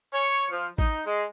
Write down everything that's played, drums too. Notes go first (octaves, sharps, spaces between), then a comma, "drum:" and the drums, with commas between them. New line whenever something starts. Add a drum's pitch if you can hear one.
C#5
F3
D#4, drum: kick A1, open hi-hat
G#3